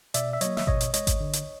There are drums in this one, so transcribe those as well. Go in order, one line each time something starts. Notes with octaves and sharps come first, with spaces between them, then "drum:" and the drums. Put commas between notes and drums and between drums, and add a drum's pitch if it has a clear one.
B2 D5 E5, drum: hi-hat
E5
F#3 A#3 C#5 D#5, drum: hi-hat
E5, drum: snare
B2 C#5 D#5, drum: kick G#1
drum: hi-hat
G#3 C#5 D#5, drum: hi-hat
drum: kick G#1, hi-hat
D3
drum: hi-hat